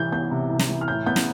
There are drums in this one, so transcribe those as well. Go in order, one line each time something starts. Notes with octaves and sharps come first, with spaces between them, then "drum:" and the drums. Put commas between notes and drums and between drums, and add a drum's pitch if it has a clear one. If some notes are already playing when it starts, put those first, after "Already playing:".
Already playing: C2 E3 G6
B3 G6
C3
C2
drum: snare
E3
F6
A2 G6
B3 G6
drum: snare